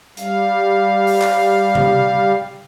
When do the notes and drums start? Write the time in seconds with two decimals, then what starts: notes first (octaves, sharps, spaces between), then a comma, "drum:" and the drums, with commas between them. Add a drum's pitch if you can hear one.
0.17 G3 F5, drum: hi-hat
1.07 drum: open hi-hat
1.22 drum: clap
1.75 drum: tom C3